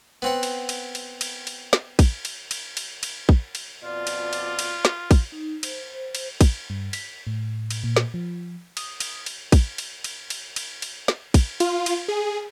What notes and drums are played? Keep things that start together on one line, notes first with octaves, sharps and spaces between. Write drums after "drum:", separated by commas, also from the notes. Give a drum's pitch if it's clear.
B3 C4 F#5
drum: cymbal
drum: cymbal
drum: cymbal
drum: cymbal
drum: cymbal
drum: snare
drum: kick, cymbal
drum: cymbal
drum: cymbal
drum: cymbal
drum: cymbal
drum: kick
drum: cymbal
F2 B2 F4 D5
drum: cymbal
drum: cymbal
drum: cymbal
drum: snare
drum: kick, cymbal
D#4
C5, drum: cymbal
C5
drum: cymbal
drum: kick, cymbal
G2
B6, drum: cymbal
A2
drum: cymbal
A#2
drum: snare
F3
D#6, drum: cymbal
drum: cymbal
drum: cymbal
drum: kick, cymbal
drum: cymbal
drum: cymbal
drum: cymbal
drum: cymbal
drum: cymbal
drum: snare
drum: kick, cymbal
F4, drum: cymbal
drum: cymbal
G#4